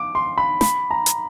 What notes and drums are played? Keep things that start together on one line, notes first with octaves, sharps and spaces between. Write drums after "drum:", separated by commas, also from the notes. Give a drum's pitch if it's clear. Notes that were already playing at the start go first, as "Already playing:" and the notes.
Already playing: D6
C6
B5
B5, drum: snare
A#5
drum: hi-hat